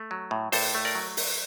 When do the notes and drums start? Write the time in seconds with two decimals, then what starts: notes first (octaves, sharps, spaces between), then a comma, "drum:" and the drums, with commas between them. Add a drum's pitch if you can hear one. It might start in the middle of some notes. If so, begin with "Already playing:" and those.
Already playing: A3
0.11 F#3
0.31 A2
0.52 A2 A4 C5, drum: open hi-hat
0.75 A3
0.85 A#4 D5
0.95 F#3
1.17 drum: open hi-hat